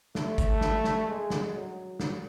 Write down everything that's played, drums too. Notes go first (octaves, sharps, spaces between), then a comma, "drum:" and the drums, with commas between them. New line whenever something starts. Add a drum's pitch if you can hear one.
A3, drum: snare
drum: kick G#1, hi-hat
drum: snare
drum: snare
G#3
drum: snare
F#3
drum: snare